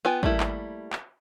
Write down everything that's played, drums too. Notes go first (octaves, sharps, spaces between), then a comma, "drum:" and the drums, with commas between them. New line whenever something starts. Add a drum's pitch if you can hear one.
B3 F4 G5 G#5
G3 A3 A#3 E4, drum: kick
drum: clap
drum: clap